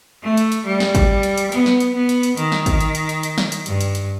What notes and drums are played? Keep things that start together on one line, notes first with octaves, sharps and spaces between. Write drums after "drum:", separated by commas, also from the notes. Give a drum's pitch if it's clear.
A3
drum: hi-hat
drum: hi-hat
G3
drum: snare
drum: kick, hi-hat
drum: hi-hat
drum: hi-hat
B3, drum: hi-hat
drum: snare
drum: hi-hat
B3
drum: hi-hat
drum: hi-hat
D#3, drum: hi-hat
drum: snare
drum: kick, hi-hat
drum: hi-hat
drum: hi-hat
drum: hi-hat
drum: hi-hat
drum: snare
drum: hi-hat
G2, drum: hi-hat
drum: hi-hat
drum: hi-hat